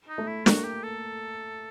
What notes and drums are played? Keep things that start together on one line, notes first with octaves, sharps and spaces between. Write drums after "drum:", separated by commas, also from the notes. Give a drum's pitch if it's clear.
D#4
A3
E4
A#3 F#4, drum: snare
G4
A4